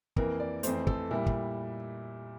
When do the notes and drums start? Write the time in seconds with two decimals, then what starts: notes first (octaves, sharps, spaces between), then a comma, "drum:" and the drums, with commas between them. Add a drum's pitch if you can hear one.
0.16 F2 E3 A#3 A#4, drum: kick
0.40 D5
0.63 F2 E3 A3 C5, drum: hi-hat
0.87 A4, drum: kick
1.11 A#2 G3 E4
1.26 drum: kick